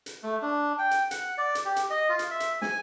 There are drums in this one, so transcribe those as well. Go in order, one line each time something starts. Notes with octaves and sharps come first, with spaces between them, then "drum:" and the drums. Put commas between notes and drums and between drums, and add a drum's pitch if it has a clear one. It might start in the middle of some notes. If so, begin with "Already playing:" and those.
drum: hi-hat
A3
D4
G5
drum: hi-hat
F#5, drum: hi-hat
D5
drum: hi-hat
G4
drum: hi-hat
D#5
F4
drum: hi-hat
E5
drum: hi-hat
G#5, drum: snare